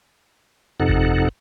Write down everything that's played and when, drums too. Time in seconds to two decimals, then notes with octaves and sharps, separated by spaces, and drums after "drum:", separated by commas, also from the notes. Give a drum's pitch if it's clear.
0.80 F2 C3 D#4 A4 F#5
0.89 drum: kick G1